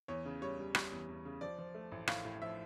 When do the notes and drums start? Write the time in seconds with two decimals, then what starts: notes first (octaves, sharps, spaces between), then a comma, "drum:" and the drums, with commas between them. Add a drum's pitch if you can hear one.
0.08 E2 C#5
0.25 C#3
0.42 G3 C#5
0.59 G3
0.75 G3, drum: rim click
0.92 E2
1.09 E2
1.25 C#3
1.41 F3 D5
1.59 F3
1.75 A3
1.92 A1
2.07 A2 F5, drum: rim click
2.25 A2
2.42 F3 E5